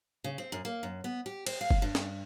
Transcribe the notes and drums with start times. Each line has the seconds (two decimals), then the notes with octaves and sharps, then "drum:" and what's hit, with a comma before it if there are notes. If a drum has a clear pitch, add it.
0.24 C#3
0.38 C4
0.52 F#2
0.65 A#3
0.83 F#2
1.04 B3
1.26 G4
1.47 C5, drum: cymbal
1.61 F5
1.71 drum: kick F#1
1.82 G2
1.95 drum: snare